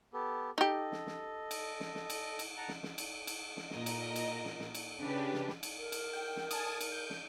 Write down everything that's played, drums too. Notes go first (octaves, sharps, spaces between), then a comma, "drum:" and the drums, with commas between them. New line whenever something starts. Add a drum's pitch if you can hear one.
B3 G4 A4
D#4 G4 A4 D#5
drum: snare
drum: snare
drum: cymbal
drum: snare
drum: snare
drum: cymbal
drum: cymbal
F#5 A5 A#5
drum: snare
drum: snare
drum: cymbal
drum: cymbal
drum: snare
A#2 A#4 D#5, drum: snare
drum: cymbal
drum: cymbal
drum: snare
drum: snare
drum: cymbal
C#3 D4 G4 B4
drum: snare
drum: snare
drum: cymbal
A#4
drum: cymbal
G5
drum: snare
G#5 A5 D#6, drum: cymbal
drum: cymbal
G6
drum: snare